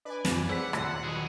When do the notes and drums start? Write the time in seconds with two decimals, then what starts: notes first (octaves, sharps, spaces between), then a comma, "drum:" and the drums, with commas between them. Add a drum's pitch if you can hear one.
0.05 D4 B4 D5 G#5
0.25 F#2 F4, drum: snare
0.50 G#4 C5 F#5 E6 B6
0.73 D#1 C6 E6 C7, drum: rim click
1.05 D#3 F#3 G3 E4 G#4